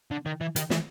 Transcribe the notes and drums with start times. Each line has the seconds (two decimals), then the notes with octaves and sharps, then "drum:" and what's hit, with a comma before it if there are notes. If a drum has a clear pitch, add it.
0.11 D3
0.26 D#3
0.41 E3
0.56 D#3, drum: hi-hat
0.70 E3, drum: snare